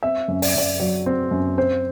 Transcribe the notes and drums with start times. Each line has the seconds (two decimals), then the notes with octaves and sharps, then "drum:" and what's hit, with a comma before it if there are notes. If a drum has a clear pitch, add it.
0.03 C4 E5
0.28 F#2
0.42 D5, drum: open hi-hat
0.50 E5
0.55 F#2 D5
0.80 F#3 D5
1.06 C4
1.31 F#2
1.58 C4 C5